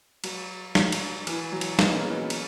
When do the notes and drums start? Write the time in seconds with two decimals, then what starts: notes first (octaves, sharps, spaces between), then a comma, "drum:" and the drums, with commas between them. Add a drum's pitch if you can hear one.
0.24 F#3, drum: cymbal
0.75 F#3, drum: snare
0.92 drum: cymbal
1.27 E3, drum: cymbal
1.52 F#3
1.61 drum: cymbal
1.79 G#3 B3, drum: snare
1.91 A#3 C#4
2.04 E3 G#3
2.17 F#3
2.30 drum: cymbal